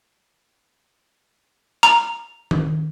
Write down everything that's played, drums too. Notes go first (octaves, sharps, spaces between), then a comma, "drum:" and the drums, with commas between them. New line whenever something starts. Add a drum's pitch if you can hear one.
A#5, drum: hi-hat
drum: tom D#3